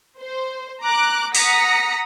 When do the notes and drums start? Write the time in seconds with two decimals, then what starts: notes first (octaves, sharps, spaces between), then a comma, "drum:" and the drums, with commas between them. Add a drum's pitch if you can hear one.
0.20 C5
0.83 A#5 D6 F#6
1.35 F#5 A#5 D#6 A#6 B6 C#7, drum: open hi-hat